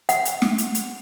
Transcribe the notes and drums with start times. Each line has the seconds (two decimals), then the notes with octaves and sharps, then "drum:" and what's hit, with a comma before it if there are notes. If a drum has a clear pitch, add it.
0.09 F#5, drum: hi-hat
0.25 drum: hi-hat
0.42 drum: snare
0.58 drum: hi-hat
0.75 drum: hi-hat